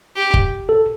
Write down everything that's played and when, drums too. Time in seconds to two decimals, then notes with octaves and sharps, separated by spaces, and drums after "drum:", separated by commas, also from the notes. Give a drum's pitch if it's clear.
0.16 G4
0.34 drum: kick
0.69 A4